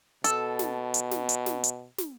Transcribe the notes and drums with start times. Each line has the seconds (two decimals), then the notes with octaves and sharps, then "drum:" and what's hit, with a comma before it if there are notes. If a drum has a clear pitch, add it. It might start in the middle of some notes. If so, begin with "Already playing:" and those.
0.24 B2 A4, drum: hi-hat
0.59 drum: snare
0.94 drum: hi-hat
1.11 drum: snare
1.29 drum: hi-hat
1.46 drum: snare
1.64 drum: hi-hat
1.98 drum: snare